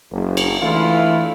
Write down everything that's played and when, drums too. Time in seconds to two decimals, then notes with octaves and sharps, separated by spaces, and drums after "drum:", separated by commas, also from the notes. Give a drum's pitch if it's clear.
0.12 F#1
0.37 drum: cymbal
0.62 E3 A3 D4 E4 F4